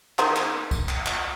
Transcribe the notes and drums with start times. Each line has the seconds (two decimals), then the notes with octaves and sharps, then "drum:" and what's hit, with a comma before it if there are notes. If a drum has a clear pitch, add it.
0.19 D#3 G#4 C5, drum: clap
0.36 drum: clap
0.71 drum: kick, tambourine
0.89 drum: clap
1.06 drum: clap